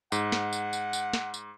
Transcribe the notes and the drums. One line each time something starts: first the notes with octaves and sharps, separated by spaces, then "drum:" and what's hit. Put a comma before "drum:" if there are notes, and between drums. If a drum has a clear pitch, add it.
G#2 F#5, drum: tambourine
drum: snare
drum: tambourine
drum: tambourine
drum: tambourine
drum: snare
drum: tambourine